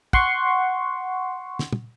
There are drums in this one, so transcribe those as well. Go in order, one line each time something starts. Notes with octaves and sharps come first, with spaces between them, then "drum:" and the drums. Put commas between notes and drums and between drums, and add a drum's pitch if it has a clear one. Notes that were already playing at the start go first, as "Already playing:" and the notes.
F#5 C6 C#6, drum: kick
drum: snare
drum: tom